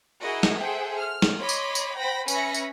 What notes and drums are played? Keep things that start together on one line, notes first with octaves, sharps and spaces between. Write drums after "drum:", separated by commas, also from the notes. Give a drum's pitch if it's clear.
E4 F#4 G#4 A#4 D#5
drum: snare
G#4 A4 C5 E5 F#5 G5
F6
drum: snare
C#5 D#5 B5 C6 D6
drum: tambourine
drum: tambourine
C5 F#5 G5 B5 A#6
C#4 B4 E5 B5 A#6 C#7, drum: tambourine
drum: tambourine